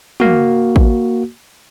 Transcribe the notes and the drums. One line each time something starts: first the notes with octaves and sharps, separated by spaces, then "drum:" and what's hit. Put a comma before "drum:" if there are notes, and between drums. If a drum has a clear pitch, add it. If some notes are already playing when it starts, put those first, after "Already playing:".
A#3 F#4, drum: tom
drum: kick